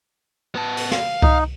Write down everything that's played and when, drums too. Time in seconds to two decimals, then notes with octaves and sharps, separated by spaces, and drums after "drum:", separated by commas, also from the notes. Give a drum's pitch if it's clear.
0.55 B3 A5
0.77 drum: open hi-hat
0.91 F5, drum: snare
1.22 D#4, drum: kick C2